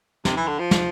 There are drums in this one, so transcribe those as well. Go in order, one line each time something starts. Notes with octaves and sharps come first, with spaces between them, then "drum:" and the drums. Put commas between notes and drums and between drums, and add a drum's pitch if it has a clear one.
C3, drum: snare
E3
D3
F3
drum: snare